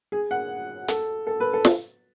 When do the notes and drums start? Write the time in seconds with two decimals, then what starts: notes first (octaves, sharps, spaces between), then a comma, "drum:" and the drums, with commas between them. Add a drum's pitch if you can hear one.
0.12 G#4
0.31 F#5
0.88 A4, drum: hi-hat
1.27 A4
1.40 B4
1.53 A4
1.65 drum: snare